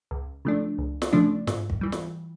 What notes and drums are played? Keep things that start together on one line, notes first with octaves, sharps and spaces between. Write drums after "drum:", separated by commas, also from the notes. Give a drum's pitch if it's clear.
C#2
C#3 F3 A3 D4
C#2
drum: snare
C#3 F3 A3 D4
G#2, drum: snare
drum: kick
E3 G3
drum: snare